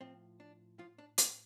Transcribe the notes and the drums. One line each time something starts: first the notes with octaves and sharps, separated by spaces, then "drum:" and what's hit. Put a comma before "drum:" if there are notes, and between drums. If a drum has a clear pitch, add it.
A2 F3 C4
D4
F3 F4
D4
C4, drum: hi-hat